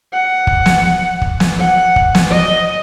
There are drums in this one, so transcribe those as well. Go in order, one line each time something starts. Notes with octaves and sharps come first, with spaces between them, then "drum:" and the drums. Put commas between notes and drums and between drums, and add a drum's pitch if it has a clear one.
F#5
drum: kick
drum: snare
drum: kick
drum: snare
F#5
drum: kick
drum: snare
D#5